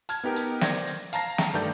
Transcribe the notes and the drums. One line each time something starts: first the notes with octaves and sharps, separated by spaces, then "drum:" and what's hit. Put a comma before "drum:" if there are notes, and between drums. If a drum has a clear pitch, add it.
A5 F6 G#6, drum: hi-hat
B3 D#4 G4 A#4
drum: hi-hat
C5 D5 G#6 A#6, drum: snare
drum: hi-hat
F5 A5 A#5 A#6 C7, drum: hi-hat
drum: snare
G2 D#3 A3 A4 D5 G6